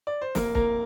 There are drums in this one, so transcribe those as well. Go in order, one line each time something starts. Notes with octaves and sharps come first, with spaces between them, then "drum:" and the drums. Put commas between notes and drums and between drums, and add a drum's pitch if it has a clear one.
D5
C5
F1 A#3 A#4, drum: snare
A#3 A#4, drum: kick